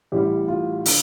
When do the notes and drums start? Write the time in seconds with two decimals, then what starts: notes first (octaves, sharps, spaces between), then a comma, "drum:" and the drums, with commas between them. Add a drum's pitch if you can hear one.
0.12 A1 A2 G3 G4
0.48 F4
0.86 D3, drum: open hi-hat